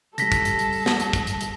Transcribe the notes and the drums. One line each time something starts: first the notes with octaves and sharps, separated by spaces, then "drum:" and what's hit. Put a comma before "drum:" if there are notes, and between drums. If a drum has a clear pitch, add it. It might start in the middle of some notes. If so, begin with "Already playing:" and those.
C#3 G3 A4 A#6 B6, drum: hi-hat
drum: kick, hi-hat
drum: hi-hat
drum: hi-hat
drum: open hi-hat
drum: snare
drum: hi-hat
drum: kick, hi-hat
drum: hi-hat
drum: hi-hat